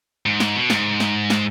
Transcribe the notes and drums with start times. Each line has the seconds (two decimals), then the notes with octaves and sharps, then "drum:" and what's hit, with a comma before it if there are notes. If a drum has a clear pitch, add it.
0.26 G#2
0.40 drum: snare
0.56 B2
0.70 G#2, drum: snare
1.00 drum: snare
1.30 drum: snare